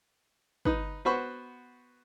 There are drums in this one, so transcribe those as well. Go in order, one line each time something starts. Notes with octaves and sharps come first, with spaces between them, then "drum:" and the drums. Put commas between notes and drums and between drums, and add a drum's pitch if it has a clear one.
D#4 B4, drum: kick
B3 F#4 C5 B5 C#6